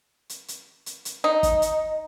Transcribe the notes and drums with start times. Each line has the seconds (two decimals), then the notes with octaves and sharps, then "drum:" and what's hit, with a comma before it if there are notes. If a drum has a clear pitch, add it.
0.29 drum: hi-hat
0.48 drum: hi-hat
0.86 drum: hi-hat
1.05 drum: hi-hat
1.24 D#4
1.43 drum: kick G1, hi-hat
1.62 drum: hi-hat